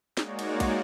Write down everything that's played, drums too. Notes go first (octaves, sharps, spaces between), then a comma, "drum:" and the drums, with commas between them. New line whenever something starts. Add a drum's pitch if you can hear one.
G#3 A#3 D#4 F#4 C#5 D5, drum: snare
drum: cymbal
drum: kick, cymbal